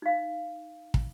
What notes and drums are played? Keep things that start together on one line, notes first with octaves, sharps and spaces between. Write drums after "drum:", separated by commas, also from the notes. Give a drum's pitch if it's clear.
D#4 F5
drum: kick